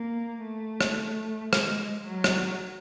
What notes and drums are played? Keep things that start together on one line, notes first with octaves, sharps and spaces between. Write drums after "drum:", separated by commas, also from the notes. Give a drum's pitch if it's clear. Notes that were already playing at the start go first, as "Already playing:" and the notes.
Already playing: A#3
A3
drum: rim click
G#3, drum: rim click
F#3
drum: rim click